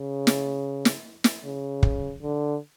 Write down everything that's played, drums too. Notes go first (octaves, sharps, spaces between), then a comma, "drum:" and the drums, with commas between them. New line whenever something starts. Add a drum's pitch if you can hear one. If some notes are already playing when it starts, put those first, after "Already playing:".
Already playing: C#3
drum: snare
drum: snare
drum: snare
C#3
drum: kick
D3